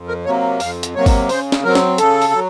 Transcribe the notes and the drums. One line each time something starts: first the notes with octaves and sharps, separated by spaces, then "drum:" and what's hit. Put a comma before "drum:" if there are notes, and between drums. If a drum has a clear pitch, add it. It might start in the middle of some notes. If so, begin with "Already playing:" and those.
Already playing: F2
A#4
C3 F#3 A#3 C#5
F2 F5, drum: open hi-hat
drum: hi-hat
C3 F#3 A#3 C#5
drum: kick G#1, open hi-hat
C#3 C5, drum: open hi-hat
drum: snare
F#3 C4 A#4
drum: snare
C#3 A4, drum: hi-hat
drum: open hi-hat
F#3